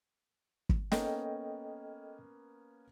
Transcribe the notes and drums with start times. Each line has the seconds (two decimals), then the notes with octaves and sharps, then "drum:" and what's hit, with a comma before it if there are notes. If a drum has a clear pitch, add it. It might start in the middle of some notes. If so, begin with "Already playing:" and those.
0.69 drum: kick
0.92 A#3 B3 C#4 A4 D#5 G5, drum: snare